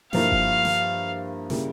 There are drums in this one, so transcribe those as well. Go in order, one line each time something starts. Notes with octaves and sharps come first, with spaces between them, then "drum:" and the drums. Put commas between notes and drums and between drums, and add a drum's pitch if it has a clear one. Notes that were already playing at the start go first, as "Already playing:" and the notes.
G2 F3 A#3 E4 A#4 F5, drum: snare
drum: kick F#1
drum: snare
C#3 G3 A#3 E4, drum: snare